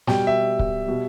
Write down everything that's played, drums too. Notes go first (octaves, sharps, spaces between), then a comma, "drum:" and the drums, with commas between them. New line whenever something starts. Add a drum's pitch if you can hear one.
B2 G3 G5, drum: snare
E5
drum: kick C#1
B2 G3